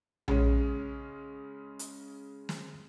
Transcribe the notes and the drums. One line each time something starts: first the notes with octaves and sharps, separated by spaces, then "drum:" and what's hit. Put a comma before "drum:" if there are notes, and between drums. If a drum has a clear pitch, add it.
C#3 G#3 C#4, drum: tom A#1
drum: hi-hat
drum: snare